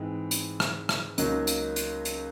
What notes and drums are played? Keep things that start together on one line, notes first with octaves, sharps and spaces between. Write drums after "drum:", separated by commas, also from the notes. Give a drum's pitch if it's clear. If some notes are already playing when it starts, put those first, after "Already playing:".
Already playing: G#2 E3 G#3 C4
drum: hi-hat
drum: rim click
drum: rim click
C#2 C#3 F#3 A#3 D#4, drum: hi-hat
drum: hi-hat
drum: hi-hat
drum: hi-hat